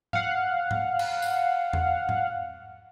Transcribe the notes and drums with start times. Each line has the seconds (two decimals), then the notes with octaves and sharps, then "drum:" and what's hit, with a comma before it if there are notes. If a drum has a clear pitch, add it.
0.13 F5 F#5, drum: tom G#2
0.71 drum: tom G#2
0.99 drum: cymbal
1.22 drum: tambourine
1.73 drum: tom E2
2.09 drum: tom G#2